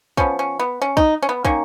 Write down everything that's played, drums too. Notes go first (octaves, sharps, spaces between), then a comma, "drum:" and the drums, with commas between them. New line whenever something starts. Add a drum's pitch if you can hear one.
F3 B3 C#4, drum: kick
C#4
B3
C#4
D#4, drum: kick
C#4
B3
D#3 A#3 C#4, drum: kick